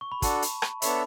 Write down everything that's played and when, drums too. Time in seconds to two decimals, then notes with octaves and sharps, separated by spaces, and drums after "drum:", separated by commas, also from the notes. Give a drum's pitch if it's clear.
0.01 C#6
0.12 B5
0.22 D4 F#4 A4 A5, drum: kick, hi-hat
0.42 drum: hi-hat
0.62 drum: rim click
0.82 B3 D4 A4 C#5 E5 B5, drum: hi-hat